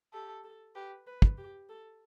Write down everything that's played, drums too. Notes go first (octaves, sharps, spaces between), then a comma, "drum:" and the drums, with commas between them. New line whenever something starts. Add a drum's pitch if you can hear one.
G4 A4
A4
G4 B4
B4
drum: kick
G4
A4